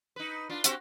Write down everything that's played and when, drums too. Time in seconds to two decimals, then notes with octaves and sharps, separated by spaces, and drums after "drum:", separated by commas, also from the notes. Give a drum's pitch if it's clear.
0.16 D#4 B4
0.50 D4 F4
0.64 C4 F#4 G4, drum: hi-hat